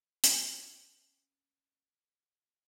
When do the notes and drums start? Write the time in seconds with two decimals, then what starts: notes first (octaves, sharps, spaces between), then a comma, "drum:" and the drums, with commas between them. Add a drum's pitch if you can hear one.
0.24 C4 C#4, drum: hi-hat